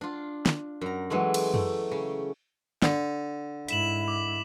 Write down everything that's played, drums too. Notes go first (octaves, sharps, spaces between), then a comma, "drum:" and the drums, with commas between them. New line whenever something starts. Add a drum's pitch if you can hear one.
D4 F4
drum: snare
F#2 A#5
E3 F#3 G#3 A3
drum: cymbal
A3, drum: tom F#2
C#3
D3, drum: snare
G#2 E4 B6 E7 F#7, drum: hi-hat
D6